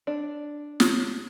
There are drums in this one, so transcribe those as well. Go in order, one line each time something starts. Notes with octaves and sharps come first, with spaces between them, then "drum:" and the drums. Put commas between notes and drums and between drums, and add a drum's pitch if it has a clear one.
D4
drum: snare